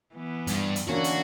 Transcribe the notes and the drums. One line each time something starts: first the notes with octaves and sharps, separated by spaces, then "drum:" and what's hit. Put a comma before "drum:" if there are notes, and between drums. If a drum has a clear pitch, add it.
E3 B3
G2, drum: hi-hat
drum: hi-hat
D3 E3 A#3 C#4 D4 F#4
drum: hi-hat